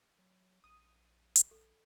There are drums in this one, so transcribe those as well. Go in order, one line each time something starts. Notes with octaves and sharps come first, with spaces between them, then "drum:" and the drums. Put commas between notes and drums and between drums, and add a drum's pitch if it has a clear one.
F#3
A#1 D#6
drum: hi-hat
A#1 A4